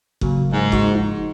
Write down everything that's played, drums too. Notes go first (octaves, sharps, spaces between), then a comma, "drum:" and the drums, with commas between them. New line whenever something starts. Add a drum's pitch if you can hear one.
C#3 F#3 A#3, drum: kick F#1
G#2
D#4 F#4 C#6, drum: kick F#1
F3 D#4